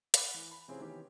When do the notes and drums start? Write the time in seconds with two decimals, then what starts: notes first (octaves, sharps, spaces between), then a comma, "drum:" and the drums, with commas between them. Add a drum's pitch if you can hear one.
0.14 F#5 B5 D6 F#6, drum: hi-hat
0.34 E3
0.51 B5
0.68 C3 E3 C4 C#4 F4 G#4
0.80 D#3 E3 B3 C#4 G4